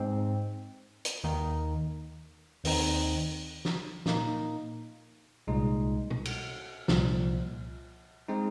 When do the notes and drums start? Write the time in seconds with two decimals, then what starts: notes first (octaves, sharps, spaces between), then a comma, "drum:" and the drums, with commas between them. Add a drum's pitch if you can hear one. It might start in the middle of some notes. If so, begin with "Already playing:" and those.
Already playing: G#2 G#3 C4
1.05 drum: hi-hat
1.24 D#2 D#3 A#3 D#4
2.65 D#2 D#3 C4 D#4, drum: open hi-hat
3.65 drum: snare
4.06 A#2 A#3 D#4, drum: snare
5.48 C2 A#2 G#3 D#4
6.10 drum: tom
6.25 drum: cymbal
6.88 C2 A#2 F3, drum: snare
8.28 G#3 C4 D#4